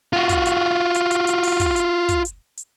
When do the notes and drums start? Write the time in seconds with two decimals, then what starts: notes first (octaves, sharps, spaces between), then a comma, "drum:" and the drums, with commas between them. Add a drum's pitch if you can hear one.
0.13 F4 F#4
0.29 drum: kick, hi-hat
0.45 drum: hi-hat
0.94 drum: hi-hat
1.11 drum: hi-hat
1.27 drum: hi-hat
1.43 drum: open hi-hat
1.60 drum: kick, hi-hat
1.76 drum: hi-hat
2.09 drum: kick, hi-hat
2.25 drum: hi-hat
2.57 drum: hi-hat